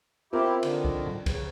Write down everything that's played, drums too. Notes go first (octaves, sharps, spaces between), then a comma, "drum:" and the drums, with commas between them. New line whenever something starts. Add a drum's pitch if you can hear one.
C4 E4 F4 G4 A#4
D3 D#3, drum: cymbal
drum: kick
drum: tom A2
C#3, drum: kick, cymbal